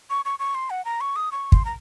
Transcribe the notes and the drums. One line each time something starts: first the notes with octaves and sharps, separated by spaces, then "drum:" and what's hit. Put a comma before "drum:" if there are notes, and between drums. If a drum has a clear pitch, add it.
C#6
C#6
C#6
C6
F#5
A#5
C#6
D#6
C#6
C6, drum: kick
A#5